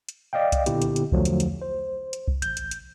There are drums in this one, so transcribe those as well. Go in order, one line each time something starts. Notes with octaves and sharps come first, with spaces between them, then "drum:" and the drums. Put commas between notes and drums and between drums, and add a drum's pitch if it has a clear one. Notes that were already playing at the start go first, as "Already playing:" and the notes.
drum: hi-hat
D5 D#5 F5 G5
drum: kick C2, hi-hat
A#2 D3 B3 E4 G4, drum: hi-hat
drum: hi-hat
drum: hi-hat
E2 D3 F3 F#3 A3, drum: kick C2
drum: hi-hat
drum: hi-hat
C5
drum: hi-hat
drum: kick C2
A1 G6, drum: hi-hat
drum: hi-hat
drum: hi-hat